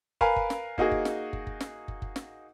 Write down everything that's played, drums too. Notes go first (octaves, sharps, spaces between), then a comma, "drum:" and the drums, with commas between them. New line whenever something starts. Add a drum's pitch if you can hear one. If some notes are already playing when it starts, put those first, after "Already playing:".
A#4 B4 F5 G#5 A#5 B5, drum: kick
drum: kick
drum: snare
A#3 D#4 F#4 G#4, drum: kick
drum: kick
drum: snare
drum: kick
drum: kick
drum: snare
drum: kick
drum: kick
drum: snare